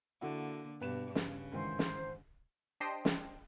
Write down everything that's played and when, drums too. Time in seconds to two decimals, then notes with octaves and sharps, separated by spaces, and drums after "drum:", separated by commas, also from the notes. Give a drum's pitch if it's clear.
0.21 D3 A#3 E4 F#4 A4
0.80 G2 B2 B3 B4 E7
1.15 C#3, drum: snare
1.52 G#2 D#3 E3 C5
1.79 drum: snare
2.80 D4 G4 C5 D#5 G5
3.05 drum: snare